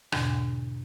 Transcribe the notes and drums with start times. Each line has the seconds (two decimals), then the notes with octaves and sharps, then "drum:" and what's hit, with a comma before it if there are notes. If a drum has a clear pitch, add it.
0.12 E2 G#2 B2 D3 D4, drum: rim click